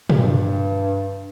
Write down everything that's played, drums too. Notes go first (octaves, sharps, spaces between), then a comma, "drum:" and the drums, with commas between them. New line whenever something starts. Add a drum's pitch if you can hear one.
G2, drum: tom A#2